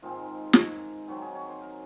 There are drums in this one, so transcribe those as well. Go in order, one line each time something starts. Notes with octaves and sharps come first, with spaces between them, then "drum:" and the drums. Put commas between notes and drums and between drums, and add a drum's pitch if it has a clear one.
G#2 D#3 G#3 C4 F4
drum: snare
D#3 F#3 C4 F#4
G#4
C#5
C5
A#4